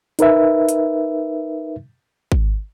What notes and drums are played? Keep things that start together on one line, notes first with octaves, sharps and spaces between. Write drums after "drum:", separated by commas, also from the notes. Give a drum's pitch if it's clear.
D#4 A#4 B4 E5, drum: hi-hat
drum: hi-hat
drum: kick G#1